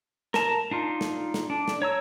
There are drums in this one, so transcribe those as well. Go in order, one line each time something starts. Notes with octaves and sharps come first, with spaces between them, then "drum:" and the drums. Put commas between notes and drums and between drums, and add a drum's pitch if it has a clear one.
A#4 A5 A#5, drum: snare
D4 D#4 F4
drum: snare
drum: snare
D4
drum: snare
C#5 A#5 E6